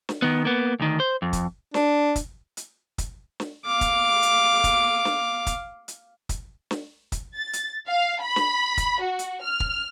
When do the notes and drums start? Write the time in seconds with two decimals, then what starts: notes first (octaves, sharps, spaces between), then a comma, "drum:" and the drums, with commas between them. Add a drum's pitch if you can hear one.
0.09 drum: snare
0.22 D#3 B3
0.45 A#3 B3
0.80 D2 D#3
1.00 C5
1.22 F2
1.33 drum: kick, hi-hat
1.74 D4, drum: snare
2.16 drum: kick, hi-hat
2.57 drum: hi-hat
2.98 drum: kick, hi-hat
3.40 drum: snare
3.66 F5 D6
3.81 drum: kick, hi-hat
4.22 drum: hi-hat
4.64 drum: kick, hi-hat
5.05 drum: snare
5.47 drum: kick, hi-hat
5.88 drum: hi-hat
6.29 drum: kick, hi-hat
6.71 drum: snare
7.12 drum: kick, hi-hat
7.35 A6
7.53 drum: hi-hat
7.88 F5
8.21 B5
8.36 drum: snare
8.77 drum: kick, hi-hat
9.01 F#4
9.19 drum: hi-hat
9.41 F6
9.60 drum: kick